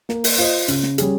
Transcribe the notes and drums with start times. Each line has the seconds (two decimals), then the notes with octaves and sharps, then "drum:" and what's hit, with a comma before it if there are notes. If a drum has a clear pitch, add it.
0.09 A#3, drum: snare
0.24 drum: open hi-hat
0.38 F4 C5 D#5
0.68 C#3, drum: hi-hat
0.83 drum: snare
0.98 G3 C#4 G#4, drum: hi-hat